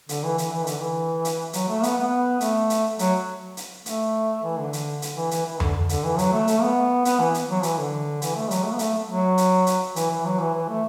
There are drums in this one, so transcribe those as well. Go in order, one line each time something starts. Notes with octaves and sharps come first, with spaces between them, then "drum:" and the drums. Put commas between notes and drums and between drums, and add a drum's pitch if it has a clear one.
D3, drum: hi-hat
E3
E3, drum: hi-hat
E3
D3, drum: hi-hat
E3
drum: hi-hat
F#3, drum: hi-hat
A3
B3, drum: hi-hat
B3
A3, drum: hi-hat
drum: hi-hat
F#3, drum: hi-hat
drum: hi-hat
A3, drum: hi-hat
E3
D3
drum: hi-hat
drum: hi-hat
E3
E3, drum: hi-hat
E3
D3, drum: tom F2
D3, drum: hi-hat
E3
F#3, drum: hi-hat
A3
A3, drum: hi-hat
B3
B3, drum: hi-hat
E3
drum: hi-hat
F#3
E3, drum: hi-hat
D3
E3, drum: hi-hat
A3
F#3, drum: hi-hat
A3
B3
A3, drum: hi-hat
F#3
drum: hi-hat
drum: hi-hat
E3, drum: hi-hat
E3
F#3
E3
E3
A3